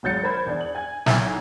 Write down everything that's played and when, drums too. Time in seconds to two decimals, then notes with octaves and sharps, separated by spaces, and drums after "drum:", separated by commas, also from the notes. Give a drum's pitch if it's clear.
0.03 G#1 C#2 F#3 G6 A6 C#7
0.23 A#4 C5 B5 G#6
0.46 E2 D4
0.61 F#7
0.75 G#5 G#6
1.06 B1 E4 G#5 G#6, drum: snare